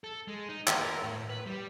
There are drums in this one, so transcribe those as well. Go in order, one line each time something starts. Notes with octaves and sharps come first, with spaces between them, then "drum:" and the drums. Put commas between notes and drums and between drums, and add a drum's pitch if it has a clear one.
A4
G#3
D#4
D#2, drum: clap
A#4
A2
B4
G3